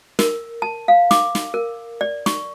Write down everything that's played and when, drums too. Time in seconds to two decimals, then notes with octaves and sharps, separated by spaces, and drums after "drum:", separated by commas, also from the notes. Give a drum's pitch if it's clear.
0.19 A#4, drum: snare
0.62 A5
0.88 F5
1.11 D6, drum: snare
1.35 drum: snare
1.54 A#4
2.01 D5
2.26 C#6, drum: snare